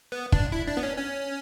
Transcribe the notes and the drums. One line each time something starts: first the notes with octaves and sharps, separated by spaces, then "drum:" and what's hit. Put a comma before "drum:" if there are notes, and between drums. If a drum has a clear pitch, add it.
B3
D4, drum: kick
E4
D4
B3
C#4
C#4